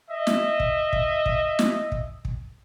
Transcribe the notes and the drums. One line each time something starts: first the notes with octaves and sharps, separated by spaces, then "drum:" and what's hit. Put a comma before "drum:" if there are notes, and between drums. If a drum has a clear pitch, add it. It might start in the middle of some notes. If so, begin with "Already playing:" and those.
D#5 E5
drum: snare
drum: kick
drum: kick
drum: kick
drum: snare
drum: kick
drum: kick